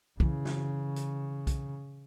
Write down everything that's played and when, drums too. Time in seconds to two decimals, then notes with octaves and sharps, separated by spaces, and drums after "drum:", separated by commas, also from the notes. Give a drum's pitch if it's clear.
0.20 C#3 E3, drum: kick B1
0.45 drum: snare
0.96 drum: hi-hat
1.47 drum: kick B1, hi-hat